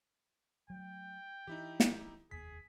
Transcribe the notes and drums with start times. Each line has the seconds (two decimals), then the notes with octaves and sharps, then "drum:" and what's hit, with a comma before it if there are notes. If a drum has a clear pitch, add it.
0.70 F#3 A3 G5
1.47 E3 D#4 E4 G4
1.80 drum: snare
2.31 F1 D#2 B3 G#4 B6